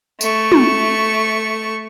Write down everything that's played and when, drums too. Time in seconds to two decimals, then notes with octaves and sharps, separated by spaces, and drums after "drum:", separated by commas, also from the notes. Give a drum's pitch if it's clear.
0.21 A3 C#6, drum: tambourine
0.52 drum: tom